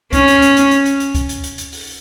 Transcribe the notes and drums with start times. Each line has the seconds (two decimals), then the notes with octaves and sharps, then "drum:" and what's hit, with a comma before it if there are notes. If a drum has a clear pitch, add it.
0.13 C#4, drum: kick C2, hi-hat
0.28 drum: hi-hat
0.42 drum: hi-hat
0.57 drum: hi-hat
0.71 drum: hi-hat
0.86 drum: hi-hat
1.00 drum: hi-hat
1.15 drum: kick C2, hi-hat
1.29 drum: hi-hat
1.44 drum: hi-hat
1.58 drum: hi-hat
1.72 drum: open hi-hat